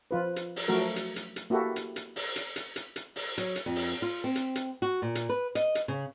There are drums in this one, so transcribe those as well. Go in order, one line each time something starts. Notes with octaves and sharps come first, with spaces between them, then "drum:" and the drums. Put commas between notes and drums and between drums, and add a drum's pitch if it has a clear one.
F3 F4 B4
drum: hi-hat
drum: open hi-hat
F3 F#3 A3 F#4 A#4
drum: hi-hat
drum: hi-hat
drum: hi-hat
A#3 E4 F#4 G4 A4
drum: hi-hat
drum: hi-hat
drum: open hi-hat
drum: hi-hat
drum: hi-hat
drum: hi-hat
drum: hi-hat
drum: open hi-hat
F#3, drum: hi-hat
drum: hi-hat
F2
drum: open hi-hat
F4
C4
drum: hi-hat
drum: hi-hat
F#4
A#2
drum: hi-hat
B4
D#5, drum: hi-hat
drum: hi-hat
C#3